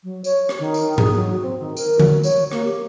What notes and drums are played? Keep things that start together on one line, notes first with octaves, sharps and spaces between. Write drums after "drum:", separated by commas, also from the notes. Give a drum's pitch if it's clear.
F#3
C#5, drum: tambourine
drum: rim click
D#3
drum: tambourine
G#4, drum: tom G#2
F#3
C4
D#3
A#4, drum: tambourine
F#3, drum: tom D3
C#5, drum: tambourine
A#3, drum: rim click
G4